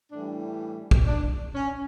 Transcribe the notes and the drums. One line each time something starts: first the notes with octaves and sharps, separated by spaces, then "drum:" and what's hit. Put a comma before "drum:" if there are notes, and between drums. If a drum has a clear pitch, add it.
A2 E3 G3 D4
drum: kick
D4
C#4